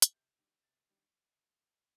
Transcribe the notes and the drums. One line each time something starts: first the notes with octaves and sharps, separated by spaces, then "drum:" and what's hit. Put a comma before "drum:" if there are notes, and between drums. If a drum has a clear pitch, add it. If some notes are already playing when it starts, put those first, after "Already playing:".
drum: hi-hat
C3 G6
D#3 G3 D4
C3 A6
D#3 G3 D4